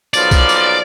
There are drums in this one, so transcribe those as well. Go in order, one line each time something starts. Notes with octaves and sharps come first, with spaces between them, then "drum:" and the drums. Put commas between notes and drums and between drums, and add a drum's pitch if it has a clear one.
B1 A#2 F3 D5, drum: tambourine
drum: kick B1, tambourine
drum: tambourine